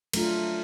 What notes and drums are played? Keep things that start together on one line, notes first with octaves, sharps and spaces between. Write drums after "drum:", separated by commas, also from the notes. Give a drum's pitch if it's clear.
F#3 A3 D4 F4 A#4, drum: cymbal